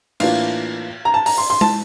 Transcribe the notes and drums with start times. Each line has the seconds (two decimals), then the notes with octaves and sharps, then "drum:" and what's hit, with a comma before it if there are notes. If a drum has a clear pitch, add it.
0.20 A2 E3 A#3 D4 F4 F5, drum: cymbal
1.05 A#5
1.14 A5
1.26 A#5, drum: open hi-hat
1.38 C6
1.50 C6
1.61 A5, drum: tom G#3